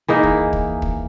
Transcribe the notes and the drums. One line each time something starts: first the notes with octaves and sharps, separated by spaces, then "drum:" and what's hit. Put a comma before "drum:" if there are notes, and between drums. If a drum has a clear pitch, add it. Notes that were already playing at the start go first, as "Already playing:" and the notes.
E3 A#3 D#4 G#4
drum: kick
drum: kick
drum: kick